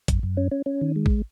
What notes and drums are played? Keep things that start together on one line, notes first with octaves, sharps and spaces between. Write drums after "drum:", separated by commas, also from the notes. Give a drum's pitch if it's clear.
F#2, drum: kick, hi-hat
F#2
C#4
C#4
C#4
D#3
G#3
drum: kick